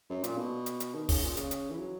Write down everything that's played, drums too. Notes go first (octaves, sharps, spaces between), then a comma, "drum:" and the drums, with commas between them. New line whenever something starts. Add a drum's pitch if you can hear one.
F#2
A#2, drum: hi-hat
B2
drum: hi-hat
drum: hi-hat
D#3
C#3, drum: kick, open hi-hat
A#2
C#3, drum: hi-hat
drum: hi-hat
E3
F#3